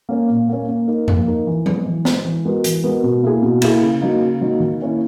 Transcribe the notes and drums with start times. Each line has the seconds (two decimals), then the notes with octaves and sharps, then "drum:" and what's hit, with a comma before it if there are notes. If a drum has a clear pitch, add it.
0.09 A#3 C#4
0.29 A#2
0.49 A#3 C#4
0.68 A#3
0.87 D#4 A#4
1.08 A#3, drum: tom E2
1.27 D#4 A#4
1.47 E3
1.66 G#3 B3, drum: tom F#3
1.86 E3
2.05 G#3 B3, drum: snare
2.25 E3
2.45 G#3 B3 F#4 A#4
2.64 E3, drum: hi-hat
2.84 G#3 B3 F#4 A#4
3.03 B2
3.23 A#3 E4 G#4
3.42 B2
3.62 A#3 E4 G#4, drum: cymbal
3.82 C#3
4.02 F#3 A#3 D#4
4.22 C#3
4.41 F#3 A#3 D#4
4.60 D#3
4.80 A#3 C#4 E4